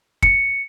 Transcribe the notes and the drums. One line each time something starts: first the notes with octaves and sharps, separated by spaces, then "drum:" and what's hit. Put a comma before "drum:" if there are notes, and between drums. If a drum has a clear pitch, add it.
C#7, drum: kick